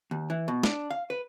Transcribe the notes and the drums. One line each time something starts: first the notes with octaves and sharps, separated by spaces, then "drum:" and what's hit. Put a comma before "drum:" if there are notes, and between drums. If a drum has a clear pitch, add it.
D#2
E3
B2
D4, drum: snare
F5
B4